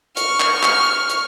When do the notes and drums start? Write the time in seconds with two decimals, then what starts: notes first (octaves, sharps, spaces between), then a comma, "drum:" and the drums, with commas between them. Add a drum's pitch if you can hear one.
0.17 C#6 F6, drum: hi-hat
0.40 drum: clap
0.63 drum: clap
1.09 drum: hi-hat